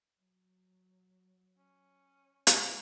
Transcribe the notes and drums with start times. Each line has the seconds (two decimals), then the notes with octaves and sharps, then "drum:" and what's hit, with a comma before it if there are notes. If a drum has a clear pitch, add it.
0.20 F#3
1.58 C#4
2.47 drum: hi-hat